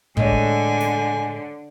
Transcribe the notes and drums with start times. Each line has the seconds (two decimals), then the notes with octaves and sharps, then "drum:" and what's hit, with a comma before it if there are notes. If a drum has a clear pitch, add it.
0.17 A2 D3 G#3 C#5 G#5, drum: kick
0.80 drum: snare